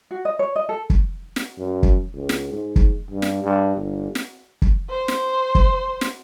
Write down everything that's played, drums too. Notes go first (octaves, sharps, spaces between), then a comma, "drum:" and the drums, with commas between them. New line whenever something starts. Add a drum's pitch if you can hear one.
F#4
D#5
C#5
D#5
A4
drum: kick
drum: snare
F#2
drum: kick
C#2
drum: snare
G#2
drum: kick
G2
drum: snare
G2
G1
drum: snare
drum: kick
C5
drum: snare
drum: kick
drum: snare